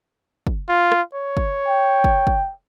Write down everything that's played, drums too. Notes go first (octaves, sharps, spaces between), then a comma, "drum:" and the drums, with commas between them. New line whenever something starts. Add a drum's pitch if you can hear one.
drum: kick
F4
drum: rim click
C#5
drum: kick
G5
drum: kick
drum: kick